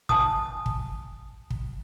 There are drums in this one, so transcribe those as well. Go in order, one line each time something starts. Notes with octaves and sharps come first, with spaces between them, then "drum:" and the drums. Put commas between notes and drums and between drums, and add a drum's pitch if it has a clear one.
G#5 A5 D#6, drum: kick
drum: kick
drum: kick